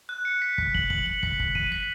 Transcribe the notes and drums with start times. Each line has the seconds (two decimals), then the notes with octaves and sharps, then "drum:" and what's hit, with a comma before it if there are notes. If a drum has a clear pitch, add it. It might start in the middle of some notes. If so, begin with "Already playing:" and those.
0.09 F#6
0.25 C#7
0.42 B6
0.58 B6, drum: kick
0.75 F#7, drum: kick
0.90 F#7, drum: kick
1.06 F#7
1.23 B6, drum: kick
1.40 B6, drum: kick
1.55 D#7, drum: kick
1.72 B6